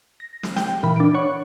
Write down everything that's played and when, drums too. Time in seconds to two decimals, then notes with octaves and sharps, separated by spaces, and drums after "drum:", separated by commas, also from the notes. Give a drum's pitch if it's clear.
0.20 A#6
0.43 drum: snare
0.56 G5, drum: snare
0.83 A#2 E3 E5 B5
0.96 D4 D7
1.14 C#5 F#5 C#6